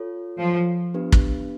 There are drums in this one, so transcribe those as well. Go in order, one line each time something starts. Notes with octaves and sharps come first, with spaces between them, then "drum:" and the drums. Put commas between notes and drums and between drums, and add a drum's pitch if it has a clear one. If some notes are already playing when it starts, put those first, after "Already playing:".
Already playing: F4 A4 C#5
F3
B3 D4 G4 B4
drum: kick